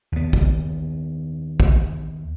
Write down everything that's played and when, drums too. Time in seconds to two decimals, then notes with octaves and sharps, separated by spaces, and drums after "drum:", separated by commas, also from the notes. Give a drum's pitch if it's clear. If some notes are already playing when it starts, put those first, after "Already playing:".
0.12 D#2 B3
0.33 drum: kick
1.60 drum: kick